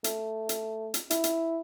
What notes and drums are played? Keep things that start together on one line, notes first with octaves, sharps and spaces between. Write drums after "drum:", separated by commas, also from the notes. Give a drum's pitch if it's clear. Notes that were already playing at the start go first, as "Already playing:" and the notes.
A3, drum: hi-hat
drum: hi-hat
drum: hi-hat
E4, drum: hi-hat
drum: hi-hat